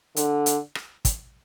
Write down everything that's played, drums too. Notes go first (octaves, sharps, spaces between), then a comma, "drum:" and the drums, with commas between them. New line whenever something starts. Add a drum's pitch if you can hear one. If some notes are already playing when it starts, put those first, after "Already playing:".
D3, drum: hi-hat
drum: hi-hat
drum: rim click
drum: kick, hi-hat